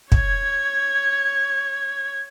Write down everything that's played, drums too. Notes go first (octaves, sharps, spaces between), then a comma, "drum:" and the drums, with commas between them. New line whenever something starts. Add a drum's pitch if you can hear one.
C#5 G#6, drum: kick